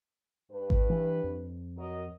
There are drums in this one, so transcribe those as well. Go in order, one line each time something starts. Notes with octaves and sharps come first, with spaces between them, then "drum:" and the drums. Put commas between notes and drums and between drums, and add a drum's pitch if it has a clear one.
G2 B4
drum: kick G#1
E3
F2
F#3 A#4 D#5